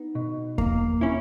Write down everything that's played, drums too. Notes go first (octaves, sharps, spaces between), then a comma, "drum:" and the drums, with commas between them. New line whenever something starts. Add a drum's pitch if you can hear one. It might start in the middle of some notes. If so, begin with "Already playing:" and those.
Already playing: B3 D#4
B2
A#3, drum: kick E2
C#4 E4